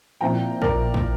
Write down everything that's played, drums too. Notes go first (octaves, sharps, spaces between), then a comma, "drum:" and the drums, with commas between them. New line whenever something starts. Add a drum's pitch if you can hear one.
A#2 F3 C4 E4 G5 A#5
A#4 D5, drum: kick
drum: kick